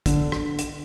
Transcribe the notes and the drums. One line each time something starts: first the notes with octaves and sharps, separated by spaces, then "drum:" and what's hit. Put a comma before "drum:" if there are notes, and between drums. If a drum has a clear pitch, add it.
D3, drum: kick, hi-hat
drum: rim click
drum: hi-hat